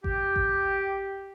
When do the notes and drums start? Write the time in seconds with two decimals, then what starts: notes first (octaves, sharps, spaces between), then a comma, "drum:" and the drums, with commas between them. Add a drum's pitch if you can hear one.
0.04 G4, drum: kick G#1
0.36 drum: kick G#1